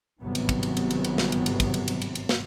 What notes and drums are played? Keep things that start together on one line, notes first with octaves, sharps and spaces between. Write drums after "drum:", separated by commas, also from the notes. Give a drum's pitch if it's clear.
G1 G#2 C3 D#3 F#3 B3
drum: cymbal
drum: kick, cymbal
drum: cymbal
drum: cymbal
drum: cymbal
drum: cymbal
drum: snare
drum: cymbal
drum: cymbal
drum: kick, cymbal
drum: cymbal
drum: cymbal
drum: cymbal
drum: cymbal
drum: snare